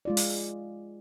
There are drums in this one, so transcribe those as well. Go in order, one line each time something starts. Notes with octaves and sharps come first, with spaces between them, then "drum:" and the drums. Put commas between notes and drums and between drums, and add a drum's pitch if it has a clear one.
G#3 F4 D5
drum: open hi-hat